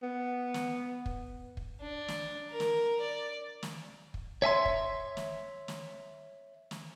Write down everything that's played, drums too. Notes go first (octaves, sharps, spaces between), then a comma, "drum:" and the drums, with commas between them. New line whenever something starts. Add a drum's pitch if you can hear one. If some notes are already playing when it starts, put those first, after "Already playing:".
B3
drum: snare
drum: kick
drum: kick
D4
drum: snare
A#4
drum: snare
D5
drum: snare
drum: kick
C#5 E5 G#5 C6
drum: kick
drum: snare
drum: snare
drum: snare